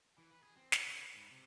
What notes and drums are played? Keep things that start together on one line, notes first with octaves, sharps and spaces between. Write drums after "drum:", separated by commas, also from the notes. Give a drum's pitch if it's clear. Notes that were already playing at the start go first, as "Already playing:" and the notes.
E3
B4
G#4
C4
F#5, drum: snare
D3
B4
G#2
C3